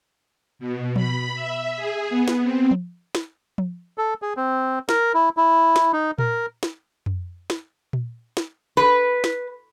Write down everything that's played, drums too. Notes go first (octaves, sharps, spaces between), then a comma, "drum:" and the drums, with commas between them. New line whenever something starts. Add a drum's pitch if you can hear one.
B2
B5, drum: tom F3
E5
G#4
B3
drum: snare
C4
drum: tom F3
drum: snare
drum: tom F3
A4
G#4
C4
A#4, drum: snare
E4
E4
drum: snare
D#4
A#4, drum: tom A#2
drum: snare
drum: tom F2
drum: snare
drum: tom A#2
drum: snare
B4
drum: snare